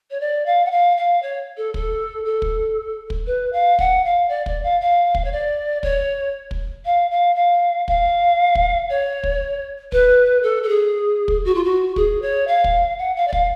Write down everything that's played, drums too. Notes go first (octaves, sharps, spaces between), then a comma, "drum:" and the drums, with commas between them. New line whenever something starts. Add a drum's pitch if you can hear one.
C#5
D5
F5
F#5
F5
F5
C#5
A4
A4, drum: kick
A4
drum: kick
drum: kick
B4
F5
F#5, drum: kick
F5
D5
D5, drum: kick
F5
F5
drum: kick
C#5
D5
C#5, drum: kick
drum: kick
F5
F5
F5
F5, drum: kick
drum: kick
C#5
drum: kick
B4, drum: kick
A4
A4
G#4
drum: kick
F#4
F4
F#4
G#4, drum: kick
C#5
F5
drum: kick
F#5
F5
D5
F5, drum: kick